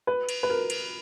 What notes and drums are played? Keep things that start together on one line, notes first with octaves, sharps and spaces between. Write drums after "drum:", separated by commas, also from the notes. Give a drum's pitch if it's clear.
B4
drum: cymbal
B4
A#4
drum: cymbal